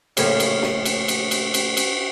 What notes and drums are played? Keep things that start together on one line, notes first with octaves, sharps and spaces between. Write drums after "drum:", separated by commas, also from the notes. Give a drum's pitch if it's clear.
A#1 F#2 A2 C#3 F3 C#4, drum: cymbal
drum: cymbal
drum: snare
drum: cymbal
drum: cymbal
drum: cymbal
drum: cymbal
drum: cymbal